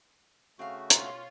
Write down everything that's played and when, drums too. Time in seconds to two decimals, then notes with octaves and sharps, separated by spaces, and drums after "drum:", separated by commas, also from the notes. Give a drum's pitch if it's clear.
0.59 C#3 A3 C4 F#4 F5
0.90 B2 C#4 F4 C#5 A#5, drum: hi-hat